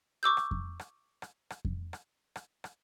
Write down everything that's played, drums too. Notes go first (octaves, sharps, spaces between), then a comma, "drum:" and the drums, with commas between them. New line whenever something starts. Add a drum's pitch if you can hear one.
C#6 D6 E6 G6
drum: rim click
drum: kick F2
drum: rim click
drum: rim click
drum: rim click
drum: kick F2
drum: rim click
drum: rim click
drum: rim click